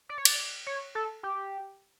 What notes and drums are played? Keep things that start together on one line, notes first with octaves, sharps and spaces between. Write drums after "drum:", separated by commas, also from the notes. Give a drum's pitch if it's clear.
D5
C#5
D5, drum: cymbal
C#5
A4
G4